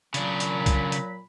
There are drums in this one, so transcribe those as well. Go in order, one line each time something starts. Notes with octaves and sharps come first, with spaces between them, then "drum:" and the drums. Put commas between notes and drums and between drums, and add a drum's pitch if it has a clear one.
A#2 C#3 F#3 D4 B5, drum: hi-hat
drum: hi-hat
drum: kick, hi-hat
drum: hi-hat